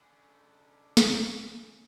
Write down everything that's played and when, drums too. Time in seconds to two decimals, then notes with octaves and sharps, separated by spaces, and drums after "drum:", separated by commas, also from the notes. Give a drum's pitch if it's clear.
0.01 D3 C#4
0.97 drum: snare